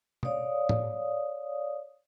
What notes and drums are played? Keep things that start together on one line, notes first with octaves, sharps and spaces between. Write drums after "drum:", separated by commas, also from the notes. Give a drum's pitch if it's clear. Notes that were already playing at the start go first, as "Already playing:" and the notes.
C#5 D5 F5 D#6, drum: tom B2
drum: tom A2